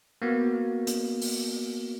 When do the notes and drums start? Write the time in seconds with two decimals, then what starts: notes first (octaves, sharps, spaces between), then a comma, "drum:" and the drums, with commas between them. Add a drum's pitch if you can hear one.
0.22 A#3 B3 F#4
0.87 drum: hi-hat
1.22 drum: open hi-hat